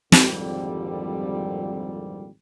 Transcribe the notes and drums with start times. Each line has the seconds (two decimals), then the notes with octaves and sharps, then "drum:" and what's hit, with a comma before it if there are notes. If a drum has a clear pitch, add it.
0.12 G#1 F2 A#2 D3 G3, drum: snare